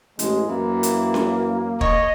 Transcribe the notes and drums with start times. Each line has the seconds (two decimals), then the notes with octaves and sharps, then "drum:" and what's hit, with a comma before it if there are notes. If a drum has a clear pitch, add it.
0.19 A1 G#3, drum: hi-hat
0.48 F#2 E3 A#3
0.83 drum: hi-hat
1.14 drum: snare C#4
1.81 C#5 D#5, drum: kick